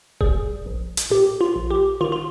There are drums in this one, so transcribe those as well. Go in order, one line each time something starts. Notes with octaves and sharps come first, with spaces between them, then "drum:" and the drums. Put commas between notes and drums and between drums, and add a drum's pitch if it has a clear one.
G3 G#4, drum: kick D#1
A#1
drum: hi-hat
A#2 G4
F4
A#1
G4
D#3 F4
F4